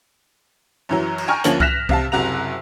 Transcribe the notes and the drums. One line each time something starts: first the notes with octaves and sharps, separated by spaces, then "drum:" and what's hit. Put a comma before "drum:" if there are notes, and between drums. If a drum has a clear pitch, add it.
F#2 E3 F#3
drum: cymbal
G5 G#5 A#5 C#6 F6
D2 F3 A#3 C#4 F#7, drum: hi-hat
F6 F#6 A#6 B6 E7 F7, drum: kick C2
C3 F5 A5, drum: kick C2
F#1 C3 F#4 A#5 F7